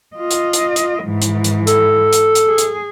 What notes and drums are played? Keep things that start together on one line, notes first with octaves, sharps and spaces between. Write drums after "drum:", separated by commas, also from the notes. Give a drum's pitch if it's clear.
F4 D#5
drum: hi-hat
drum: hi-hat
drum: hi-hat
G#2 E3
drum: hi-hat
drum: hi-hat
A4, drum: hi-hat
drum: hi-hat
drum: hi-hat
G#4
drum: hi-hat